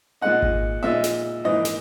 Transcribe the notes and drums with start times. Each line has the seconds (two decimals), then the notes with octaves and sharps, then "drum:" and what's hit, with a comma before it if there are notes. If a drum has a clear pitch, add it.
0.21 A#2 G#3 D#4 F#5
0.42 drum: kick G#1
0.83 A#2 G#3 D#4 E5
1.04 drum: snare
1.44 G#2 E3 A#3 D#5
1.65 drum: snare